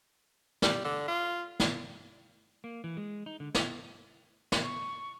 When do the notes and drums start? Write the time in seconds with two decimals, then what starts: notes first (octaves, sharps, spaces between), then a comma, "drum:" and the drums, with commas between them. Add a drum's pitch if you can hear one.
0.62 G3, drum: snare
0.85 D3
1.08 F4
1.60 drum: snare
2.64 A#3
2.84 E3
2.97 G#3
3.26 D#4
3.40 D3
3.55 drum: snare
4.52 drum: snare
4.64 C#6